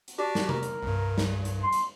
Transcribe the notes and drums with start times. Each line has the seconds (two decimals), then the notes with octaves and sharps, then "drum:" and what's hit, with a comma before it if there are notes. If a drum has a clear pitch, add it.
0.08 drum: hi-hat
0.18 D4 F#4 G4
0.35 drum: snare
0.49 A#4, drum: tom C3
0.63 drum: hi-hat
0.83 C2 G2
1.18 drum: snare
1.45 drum: hi-hat
1.63 C6
1.73 drum: hi-hat